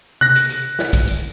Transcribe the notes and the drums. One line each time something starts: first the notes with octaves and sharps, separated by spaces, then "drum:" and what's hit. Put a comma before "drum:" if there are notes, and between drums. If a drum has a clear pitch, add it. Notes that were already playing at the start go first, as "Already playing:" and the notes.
F#6 A#6, drum: tom C3
drum: hi-hat
drum: hi-hat
drum: snare
drum: kick A#1, hi-hat
drum: hi-hat